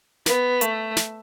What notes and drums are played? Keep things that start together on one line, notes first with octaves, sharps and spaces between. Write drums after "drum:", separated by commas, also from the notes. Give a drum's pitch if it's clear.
B3, drum: snare
A3, drum: hi-hat
drum: snare